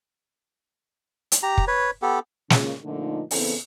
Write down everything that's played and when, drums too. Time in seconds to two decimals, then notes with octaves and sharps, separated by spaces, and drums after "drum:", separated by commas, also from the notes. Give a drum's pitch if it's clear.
1.32 drum: hi-hat
1.43 G4 A#5
1.58 drum: kick
1.68 B4 C#5
2.02 B3 G4 A4
2.50 A#2 C#3, drum: snare
2.83 A#2 D3 F3 A3 D#4
3.31 C#3 E3 B3 C4 E4 A4, drum: open hi-hat